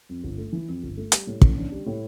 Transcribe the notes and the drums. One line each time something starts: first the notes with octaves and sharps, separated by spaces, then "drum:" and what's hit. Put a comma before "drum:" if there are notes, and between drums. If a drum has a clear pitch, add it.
F2
G1
A3
E3
F2
G1
A3
G3, drum: hi-hat
A2
A1, drum: kick
D4
G3
A2